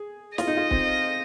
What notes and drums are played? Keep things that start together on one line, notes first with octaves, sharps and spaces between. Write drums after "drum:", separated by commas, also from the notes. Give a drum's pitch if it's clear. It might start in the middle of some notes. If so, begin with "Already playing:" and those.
Already playing: G#4
F4 D#5, drum: snare
D#4
F4
C4, drum: kick